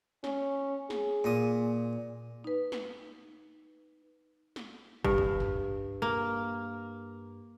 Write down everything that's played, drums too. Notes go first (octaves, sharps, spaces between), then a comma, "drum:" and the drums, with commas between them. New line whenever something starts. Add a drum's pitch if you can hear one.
C#4, drum: snare
G#4, drum: snare
A#2 D#6
D#4 B4
drum: snare
drum: snare
G2, drum: kick
drum: kick
drum: tom
A#3